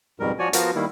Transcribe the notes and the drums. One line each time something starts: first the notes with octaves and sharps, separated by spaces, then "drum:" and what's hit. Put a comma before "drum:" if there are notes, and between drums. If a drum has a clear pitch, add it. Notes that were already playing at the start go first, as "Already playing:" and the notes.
F2 G#2 B2 G3 A#4
F3 F#4 C#5 D5 G#5
F3 B3 F4 F#4 A#4 C5, drum: hi-hat
D#3 G3 A#3 E4